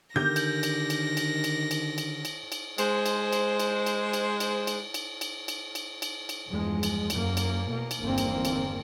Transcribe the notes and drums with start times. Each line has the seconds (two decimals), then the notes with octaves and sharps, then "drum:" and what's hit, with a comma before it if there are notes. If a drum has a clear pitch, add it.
0.16 D3 D#3 G4 A#4 G6 A#6
0.36 drum: cymbal
0.63 drum: cymbal
0.90 drum: cymbal
1.17 drum: cymbal
1.44 drum: cymbal
1.71 drum: cymbal
1.98 drum: cymbal
2.25 drum: cymbal
2.52 drum: cymbal
2.78 G#3 C5, drum: cymbal
3.06 drum: cymbal
3.33 drum: cymbal
3.60 drum: cymbal
3.86 drum: cymbal
4.13 drum: cymbal
4.40 drum: cymbal
4.67 drum: cymbal
4.94 drum: cymbal
5.21 drum: cymbal
5.48 drum: cymbal
5.75 drum: cymbal
6.02 drum: cymbal
6.29 drum: cymbal
6.47 E2 G2 F3 G#3
6.83 drum: cymbal
7.10 F#2 A#3, drum: cymbal
7.37 drum: cymbal
7.69 B2 A#3
7.91 drum: cymbal
8.01 G1 E2 D#3 A#3 C4
8.18 drum: cymbal
8.45 drum: cymbal